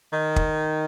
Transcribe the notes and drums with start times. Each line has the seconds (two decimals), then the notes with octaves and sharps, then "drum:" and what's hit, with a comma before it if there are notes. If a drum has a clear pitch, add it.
0.11 D#3
0.36 drum: kick